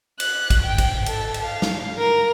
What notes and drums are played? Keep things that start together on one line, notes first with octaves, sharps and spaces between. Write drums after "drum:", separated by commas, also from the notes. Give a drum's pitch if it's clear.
F#6, drum: cymbal
drum: kick A1, cymbal
G5
drum: kick A1, cymbal
A4, drum: cymbal
drum: cymbal
F5
drum: snare
A#4